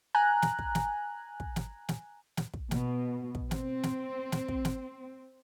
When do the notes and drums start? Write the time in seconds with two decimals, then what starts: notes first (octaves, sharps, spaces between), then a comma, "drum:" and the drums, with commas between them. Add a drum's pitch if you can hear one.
0.15 G#5 A#5 F#6
0.42 drum: snare
0.59 drum: kick
0.75 drum: snare
1.40 drum: kick
1.56 drum: snare
1.89 drum: snare
2.37 drum: snare
2.54 drum: kick
2.71 B2, drum: snare
3.35 drum: kick
3.51 C4, drum: snare
3.83 drum: snare
4.32 drum: snare
4.48 drum: kick
4.65 drum: snare